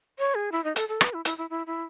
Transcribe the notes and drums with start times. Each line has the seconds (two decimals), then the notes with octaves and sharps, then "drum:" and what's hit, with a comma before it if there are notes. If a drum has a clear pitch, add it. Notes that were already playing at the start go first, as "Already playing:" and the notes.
0.19 C#5
0.35 G#4
0.52 E4
0.64 D#4
0.76 A4, drum: hi-hat
0.88 A4
1.01 B4, drum: rim click
1.13 E4
1.25 E4, drum: hi-hat
1.38 E4
1.50 E4
1.67 E4